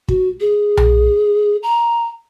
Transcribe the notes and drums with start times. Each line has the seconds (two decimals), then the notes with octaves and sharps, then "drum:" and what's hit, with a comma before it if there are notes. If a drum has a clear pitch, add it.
0.08 F#4, drum: kick
0.41 G#4
0.77 drum: tom B1
1.63 A#5